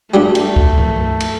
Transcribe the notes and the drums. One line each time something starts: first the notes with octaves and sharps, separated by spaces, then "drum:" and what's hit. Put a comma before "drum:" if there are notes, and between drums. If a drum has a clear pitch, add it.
G2 F#3 G3 A3
drum: cymbal
drum: kick C#2
drum: tom G2
drum: cymbal